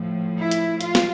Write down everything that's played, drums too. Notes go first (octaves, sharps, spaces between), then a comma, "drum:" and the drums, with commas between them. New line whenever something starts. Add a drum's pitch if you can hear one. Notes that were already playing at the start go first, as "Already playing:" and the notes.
Already playing: A2 F3
E4
drum: hi-hat
F4, drum: hi-hat
drum: snare